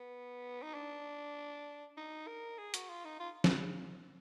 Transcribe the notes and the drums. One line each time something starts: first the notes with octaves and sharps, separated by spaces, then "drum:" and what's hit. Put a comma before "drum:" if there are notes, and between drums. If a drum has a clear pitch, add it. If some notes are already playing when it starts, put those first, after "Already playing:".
Already playing: B3
D#4
D4
D#4
A#4
G#4
F#4, drum: hi-hat
F4
D#4
F4
drum: snare